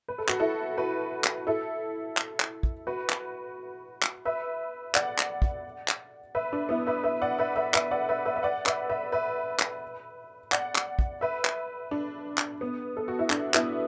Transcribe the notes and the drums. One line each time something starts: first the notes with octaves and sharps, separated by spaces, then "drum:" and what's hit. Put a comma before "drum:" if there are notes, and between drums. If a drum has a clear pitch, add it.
B4
A4
F#4, drum: clap
E4 A4
F#4 B4
drum: clap
E4 A4
drum: clap
drum: clap
drum: kick
F#4 B4
drum: clap
drum: clap
B4 E5
D5 F#5, drum: clap
drum: clap
drum: kick
drum: clap
B4 E5
D4
B3 E4
B4 E5
B4 E5
D5 F#5
B4 E5
B4 E5
B4 E5, drum: clap
D5 F#5
B4 E5
B4 E5
E5
D5 F#5
B4 E5, drum: clap
B4 E5
B4 E5
drum: clap
D5 F#5, drum: clap
drum: clap
drum: kick
B4 E5
drum: clap
D4
drum: clap
B3
A4
F#4
E4
D4, drum: clap
B3 E4, drum: clap